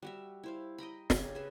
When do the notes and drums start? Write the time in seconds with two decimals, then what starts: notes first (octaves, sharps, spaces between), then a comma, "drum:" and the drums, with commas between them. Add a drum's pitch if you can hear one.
0.02 G3 F#4 E5
0.43 E4 C5 F5
0.78 D#5 G5 A#5 B5
1.10 C#3 C#4 G4, drum: snare
1.35 G#4 B4 E5